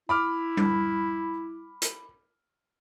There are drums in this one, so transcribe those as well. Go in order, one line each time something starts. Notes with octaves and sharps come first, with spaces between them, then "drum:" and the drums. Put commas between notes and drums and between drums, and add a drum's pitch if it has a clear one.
E4 B5 D6 F6
drum: tom G3
drum: hi-hat